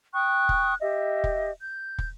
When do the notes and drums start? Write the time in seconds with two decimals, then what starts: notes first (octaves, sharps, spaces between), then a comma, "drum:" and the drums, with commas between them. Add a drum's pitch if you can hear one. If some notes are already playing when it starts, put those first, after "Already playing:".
0.13 G5 C#6 D#6 F#6
0.49 drum: kick
0.80 G4 D#5 E5
1.24 drum: kick
1.61 G6
1.98 drum: kick